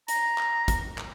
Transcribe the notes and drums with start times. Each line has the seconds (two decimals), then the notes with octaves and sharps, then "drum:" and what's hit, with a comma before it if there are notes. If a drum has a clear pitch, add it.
0.08 A#5, drum: hi-hat
0.38 drum: clap
0.68 drum: kick G#1, hi-hat
0.98 drum: clap